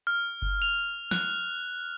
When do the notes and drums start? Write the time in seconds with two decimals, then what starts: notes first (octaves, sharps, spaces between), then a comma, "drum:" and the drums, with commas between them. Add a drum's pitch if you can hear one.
0.07 F6
0.42 drum: kick F#1
0.62 F7
1.11 F#6, drum: snare